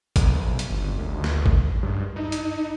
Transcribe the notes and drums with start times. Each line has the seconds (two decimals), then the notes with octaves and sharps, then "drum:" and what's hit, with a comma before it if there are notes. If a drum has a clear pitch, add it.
0.16 B1, drum: kick G#1, hi-hat
0.59 drum: hi-hat
0.70 G1
0.99 D2
1.24 drum: snare
1.46 drum: kick G#1
1.83 G2
2.16 D#4
2.32 drum: hi-hat